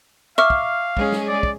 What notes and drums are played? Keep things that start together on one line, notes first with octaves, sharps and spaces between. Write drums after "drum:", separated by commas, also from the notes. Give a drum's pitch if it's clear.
E5 F5 C#6 D6 F6
drum: kick
G#3 C#4 G#4, drum: kick
drum: snare
D5
drum: kick